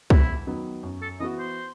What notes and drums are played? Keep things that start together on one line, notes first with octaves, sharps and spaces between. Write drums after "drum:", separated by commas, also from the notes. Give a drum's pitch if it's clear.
E2 E4, drum: kick
D#3 F#3 B3
F#2
A4
E3 B3 F#4 D#5
C5